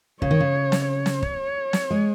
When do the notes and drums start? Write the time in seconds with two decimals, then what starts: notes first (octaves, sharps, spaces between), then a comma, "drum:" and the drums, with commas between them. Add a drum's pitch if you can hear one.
0.22 C#3 C#5, drum: kick
0.31 D#3
0.40 C#3
0.72 drum: snare
0.89 C#5
1.06 drum: snare
1.23 drum: kick
1.73 drum: snare
1.90 G#3